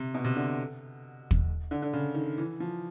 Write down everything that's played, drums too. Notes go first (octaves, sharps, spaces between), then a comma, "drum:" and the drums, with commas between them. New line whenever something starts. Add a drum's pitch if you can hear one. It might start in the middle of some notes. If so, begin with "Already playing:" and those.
Already playing: C3
B2
C3
D3
drum: kick
D3
D3
C#3
D#3
E3
F3